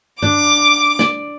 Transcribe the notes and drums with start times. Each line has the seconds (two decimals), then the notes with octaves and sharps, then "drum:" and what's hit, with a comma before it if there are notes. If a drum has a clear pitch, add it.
0.22 D4 D6, drum: tom G2
0.99 D5, drum: snare